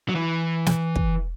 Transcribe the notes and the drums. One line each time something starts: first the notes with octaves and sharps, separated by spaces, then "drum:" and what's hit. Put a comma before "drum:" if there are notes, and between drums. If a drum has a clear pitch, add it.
F#3
E3
drum: snare
drum: kick